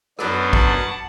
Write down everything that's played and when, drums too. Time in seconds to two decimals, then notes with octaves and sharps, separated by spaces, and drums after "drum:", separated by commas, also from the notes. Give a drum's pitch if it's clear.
0.19 F#2 F#3 B3 D4, drum: rim click
0.53 F#5 A5, drum: kick